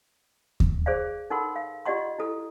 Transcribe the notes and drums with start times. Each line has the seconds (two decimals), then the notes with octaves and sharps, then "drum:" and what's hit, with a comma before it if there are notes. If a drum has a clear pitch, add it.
0.60 drum: kick D#2
0.86 G#4 C5 D5 F5
1.30 D#4 A4 A#4 F#5 B5 C6
1.56 F5
1.86 F4 G4 D5 D#5 F#5 C6
2.19 E4 A4